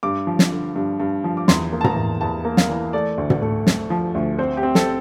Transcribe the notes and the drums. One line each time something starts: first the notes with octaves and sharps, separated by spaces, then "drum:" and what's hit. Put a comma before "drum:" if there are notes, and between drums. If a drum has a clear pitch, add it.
G2 D6
F3
drum: snare
D3
G2
G2
F3
D6
E2 C6, drum: snare
A#3
A5
A#5, drum: tom
E2
E2 A5
A#3
F5, drum: snare
E3
A3 D5
D2
drum: tom
A3
A3, drum: snare
F3
D2
C4 C5
G4
C4
A4, drum: snare